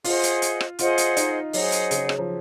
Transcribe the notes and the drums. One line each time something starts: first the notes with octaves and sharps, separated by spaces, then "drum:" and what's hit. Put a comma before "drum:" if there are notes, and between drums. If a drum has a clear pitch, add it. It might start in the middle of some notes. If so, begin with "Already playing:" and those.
F4 G#4 C5 D#5 F#5, drum: open hi-hat
drum: hi-hat
drum: hi-hat
drum: rim click
F4 G#4 C5 D#5 F#5, drum: hi-hat
drum: hi-hat
D#4, drum: hi-hat
F#3 G#4 C5 D#5 F#5, drum: open hi-hat
drum: hi-hat
C#3, drum: hi-hat
drum: rim click
F3